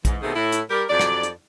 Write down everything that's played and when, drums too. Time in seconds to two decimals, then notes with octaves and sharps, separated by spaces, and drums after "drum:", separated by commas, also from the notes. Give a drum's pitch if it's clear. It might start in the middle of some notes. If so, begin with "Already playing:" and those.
0.05 G#2 E3, drum: kick A#1, hi-hat
0.22 B2 D#3 A3 C4 G4 G#4
0.35 A2 E4
0.52 drum: hi-hat
0.70 G3 G4 A#4
0.89 F2 F#3 G4 D5
1.00 drum: rim click
1.23 drum: hi-hat